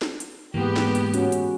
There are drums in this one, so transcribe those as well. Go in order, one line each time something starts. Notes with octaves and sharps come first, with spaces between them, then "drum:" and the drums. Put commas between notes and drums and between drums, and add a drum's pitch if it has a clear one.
drum: snare
drum: hi-hat
G#2 E3 G#3 A#3 B3 G4
drum: snare
drum: hi-hat
C#4 F#4, drum: hi-hat
drum: hi-hat